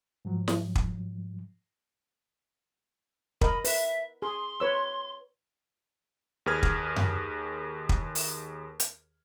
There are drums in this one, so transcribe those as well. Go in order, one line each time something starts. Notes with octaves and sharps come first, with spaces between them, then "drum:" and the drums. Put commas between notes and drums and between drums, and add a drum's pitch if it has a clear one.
G#2 F3 F#3
drum: snare
drum: kick
A#4 D#5 B5, drum: kick
B4 E5, drum: open hi-hat
G#4 C6
B4 C#5 E6
D#2 G#4 B4 F6 G#6
drum: kick
drum: tom F#2
drum: kick
drum: open hi-hat
drum: hi-hat